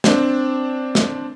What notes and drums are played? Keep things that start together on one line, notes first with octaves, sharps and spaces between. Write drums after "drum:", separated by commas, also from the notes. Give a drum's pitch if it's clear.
C4 D4, drum: snare
drum: snare